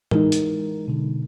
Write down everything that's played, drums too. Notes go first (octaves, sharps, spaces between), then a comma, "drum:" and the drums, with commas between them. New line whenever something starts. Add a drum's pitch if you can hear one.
E3 G#3 D#4 A#4, drum: tom
drum: hi-hat
B2 D3